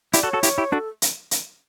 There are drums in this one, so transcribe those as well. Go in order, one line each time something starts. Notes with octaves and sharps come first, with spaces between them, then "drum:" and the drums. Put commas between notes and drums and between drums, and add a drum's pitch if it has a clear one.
E4 G4 D5, drum: hi-hat
F#4 A4
C#5
F#4 A4
E4 G4, drum: hi-hat
E4 G4
D4 F#4 A4
drum: hi-hat
drum: hi-hat